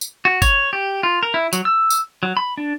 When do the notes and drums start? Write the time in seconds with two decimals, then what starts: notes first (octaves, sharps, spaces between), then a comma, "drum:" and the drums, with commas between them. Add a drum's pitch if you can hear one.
0.01 drum: tambourine
0.25 F#4
0.42 C#5, drum: kick G#1, tambourine
0.73 G4
1.03 F4
1.23 A#4
1.34 E4
1.53 F#3, drum: tambourine
1.65 E6
1.90 drum: tambourine
2.23 F#3
2.37 B5
2.57 D4